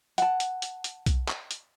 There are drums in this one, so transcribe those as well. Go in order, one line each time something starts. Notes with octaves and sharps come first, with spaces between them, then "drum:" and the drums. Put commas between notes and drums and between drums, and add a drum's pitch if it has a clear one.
F#5 A5, drum: hi-hat
drum: hi-hat
drum: hi-hat
drum: hi-hat
drum: kick B1, hi-hat
drum: clap
drum: hi-hat